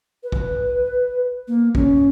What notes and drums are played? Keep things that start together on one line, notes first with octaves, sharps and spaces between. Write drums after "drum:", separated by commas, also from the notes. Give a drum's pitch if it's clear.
B4
drum: kick
A#3
C#4, drum: kick